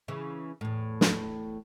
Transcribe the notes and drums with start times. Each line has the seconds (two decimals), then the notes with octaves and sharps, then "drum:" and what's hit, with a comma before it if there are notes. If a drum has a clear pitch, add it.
0.08 C#3 E3
0.61 E2 A2
1.01 drum: snare